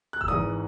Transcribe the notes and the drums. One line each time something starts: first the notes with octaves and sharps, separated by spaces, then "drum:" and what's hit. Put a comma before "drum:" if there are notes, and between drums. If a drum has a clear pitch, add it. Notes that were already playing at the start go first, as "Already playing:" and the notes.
F#6
E6, drum: kick F1
G#1 G#2 E3 D#6